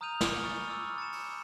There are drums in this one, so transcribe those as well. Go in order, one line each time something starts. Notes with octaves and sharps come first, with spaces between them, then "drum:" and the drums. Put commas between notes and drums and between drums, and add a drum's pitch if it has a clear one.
A#5 D#6 F6 G6 D#7 F7
G#5 F6 G#6 C#7, drum: snare
B5 C#6 F6 A6 D#7 F7
B5 C#6 D6 E6 F6 A6
D6 F6
A6 C#7 E7
drum: open hi-hat